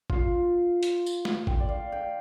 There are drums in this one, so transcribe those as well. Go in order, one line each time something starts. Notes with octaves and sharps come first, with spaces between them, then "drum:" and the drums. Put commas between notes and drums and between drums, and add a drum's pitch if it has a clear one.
F4, drum: kick A1
drum: hi-hat
drum: tambourine
drum: snare
G5, drum: kick A1
D5
F5
G5